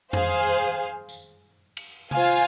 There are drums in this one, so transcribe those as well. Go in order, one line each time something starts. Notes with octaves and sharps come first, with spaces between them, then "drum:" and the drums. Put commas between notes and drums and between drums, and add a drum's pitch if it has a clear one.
G#4 C5 F5, drum: tom F2
drum: tambourine
drum: cymbal
F4 C5 F5 G#5, drum: tom C3